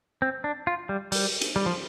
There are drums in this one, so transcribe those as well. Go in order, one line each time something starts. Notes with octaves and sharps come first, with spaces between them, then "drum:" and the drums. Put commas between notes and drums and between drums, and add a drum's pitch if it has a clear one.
C4
D4
F4
G3
G3, drum: open hi-hat
drum: hi-hat
G3
F3